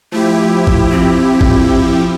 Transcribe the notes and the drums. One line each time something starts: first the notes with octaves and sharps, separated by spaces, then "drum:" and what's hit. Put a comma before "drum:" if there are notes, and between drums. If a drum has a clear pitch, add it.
F3 A3 E4 G4
drum: kick
C4
drum: kick